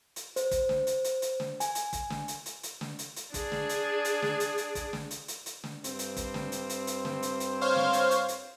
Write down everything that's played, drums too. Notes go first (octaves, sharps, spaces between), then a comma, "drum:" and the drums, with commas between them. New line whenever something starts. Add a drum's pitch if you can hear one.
drum: hi-hat
C5, drum: hi-hat
drum: kick, hi-hat
drum: snare
drum: hi-hat
drum: hi-hat
drum: hi-hat
drum: snare
G#5, drum: hi-hat
drum: hi-hat
drum: kick, hi-hat
drum: snare
drum: hi-hat
drum: hi-hat
drum: hi-hat
drum: snare
drum: hi-hat
drum: hi-hat
D4 G#4, drum: kick, hi-hat
drum: snare
drum: hi-hat
drum: hi-hat
drum: snare
drum: hi-hat
drum: hi-hat
drum: kick, hi-hat
drum: snare
drum: hi-hat
drum: hi-hat
drum: hi-hat
drum: snare
G2 C4, drum: hi-hat
drum: hi-hat
drum: kick, hi-hat
drum: snare
drum: hi-hat
drum: hi-hat
drum: hi-hat
drum: snare
drum: hi-hat
drum: hi-hat
C5 C#5 F5
drum: snare
drum: hi-hat
drum: hi-hat
drum: hi-hat